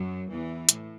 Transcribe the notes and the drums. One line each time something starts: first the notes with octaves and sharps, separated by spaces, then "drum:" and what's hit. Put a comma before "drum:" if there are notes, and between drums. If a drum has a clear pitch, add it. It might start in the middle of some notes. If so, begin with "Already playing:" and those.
Already playing: F#2 F#3
E2 E3
A2, drum: hi-hat